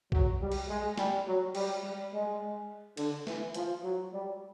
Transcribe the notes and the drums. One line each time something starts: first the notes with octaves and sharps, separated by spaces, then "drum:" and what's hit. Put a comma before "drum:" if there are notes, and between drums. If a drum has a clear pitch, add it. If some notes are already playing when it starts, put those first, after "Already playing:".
F#3, drum: kick B1
G3
drum: cymbal
G#3
G3, drum: snare
F#3
G3, drum: cymbal
G3
G#3
D3, drum: cymbal
E3, drum: snare
F3, drum: hi-hat
F#3
G3